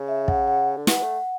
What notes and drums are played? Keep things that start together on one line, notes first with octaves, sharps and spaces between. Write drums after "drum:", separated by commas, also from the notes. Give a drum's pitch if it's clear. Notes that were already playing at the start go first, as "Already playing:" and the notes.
Already playing: C#3
E5
F#5, drum: kick
F#5
D3
E3 F#5, drum: snare
A3